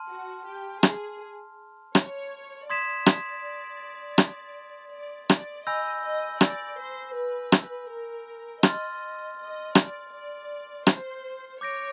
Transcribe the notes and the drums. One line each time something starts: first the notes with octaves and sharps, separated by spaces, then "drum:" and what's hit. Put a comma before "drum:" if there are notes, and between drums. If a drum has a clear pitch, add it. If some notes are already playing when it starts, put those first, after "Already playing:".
Already playing: A5 C6 F6
F#4
G4
G#4, drum: rim click
C#5, drum: rim click
D5 C6 D#6 G#6 B6 E7
drum: rim click
drum: rim click
D5
D5, drum: rim click
D#5 G#5 B5 E6 G6 A#6
D#5
D5, drum: rim click
C5
B4
drum: rim click
A#4
D#5 C6 F6 A6, drum: rim click
D#5
D5, drum: rim click
D5
C5, drum: rim click
C#5 D6 G6 A#6 D7